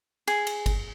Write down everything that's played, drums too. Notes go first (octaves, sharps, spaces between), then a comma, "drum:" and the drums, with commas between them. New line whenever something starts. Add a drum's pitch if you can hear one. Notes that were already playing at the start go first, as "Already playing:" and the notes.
G#4, drum: cymbal
drum: cymbal
drum: kick G1, cymbal